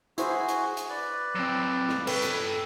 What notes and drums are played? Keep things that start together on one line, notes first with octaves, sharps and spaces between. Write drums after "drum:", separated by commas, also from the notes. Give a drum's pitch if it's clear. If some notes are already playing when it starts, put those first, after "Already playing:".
E4 F#4 G#4 C5, drum: hi-hat
drum: hi-hat
drum: hi-hat
B4 D5
F#3 C4
drum: snare
A4 B4 G5, drum: cymbal
drum: hi-hat